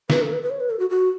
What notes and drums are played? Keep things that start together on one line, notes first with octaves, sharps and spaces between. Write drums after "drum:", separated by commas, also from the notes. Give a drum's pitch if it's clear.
B4, drum: snare
A4
B4
B4
C#5
B4
A4
F#4
F#4